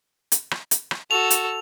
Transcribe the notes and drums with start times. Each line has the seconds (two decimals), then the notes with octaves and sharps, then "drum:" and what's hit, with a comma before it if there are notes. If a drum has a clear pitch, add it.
0.32 drum: hi-hat
0.51 drum: rim click
0.71 drum: hi-hat
0.91 drum: rim click
1.11 F#4 A4 F7
1.30 drum: hi-hat